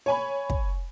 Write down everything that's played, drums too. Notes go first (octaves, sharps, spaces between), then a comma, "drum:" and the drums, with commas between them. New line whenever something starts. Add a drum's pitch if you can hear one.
C#5 G#5 B5
drum: kick